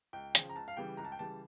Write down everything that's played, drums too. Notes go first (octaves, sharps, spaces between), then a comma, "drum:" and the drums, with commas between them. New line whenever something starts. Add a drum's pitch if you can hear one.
C#2 G5
C#3 F3, drum: hi-hat
A#5
C#2 A5
F5
C#3 E3 G3 G5
C#2 A#5
A5
G5
C#3 E3 G3 A5